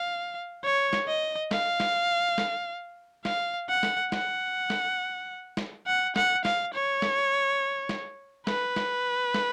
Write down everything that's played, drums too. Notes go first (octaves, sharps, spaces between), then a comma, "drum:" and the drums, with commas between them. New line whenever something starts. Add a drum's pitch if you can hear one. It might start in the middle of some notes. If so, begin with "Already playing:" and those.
Already playing: F5
C#5
drum: snare
D#5
F5, drum: snare
drum: snare
drum: snare
F5, drum: snare
F#5
drum: snare
F#5, drum: snare
drum: snare
drum: snare
F#5
F#5, drum: snare
F5, drum: snare
C#5
drum: snare
drum: snare
B4, drum: snare
drum: snare
drum: snare